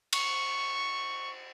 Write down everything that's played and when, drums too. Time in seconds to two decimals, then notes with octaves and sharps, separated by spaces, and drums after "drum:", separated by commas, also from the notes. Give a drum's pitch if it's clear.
0.13 C#6, drum: cymbal